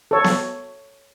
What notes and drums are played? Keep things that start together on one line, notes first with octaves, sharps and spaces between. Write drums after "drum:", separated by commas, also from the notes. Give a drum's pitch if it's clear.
A4 C#5
drum: snare B3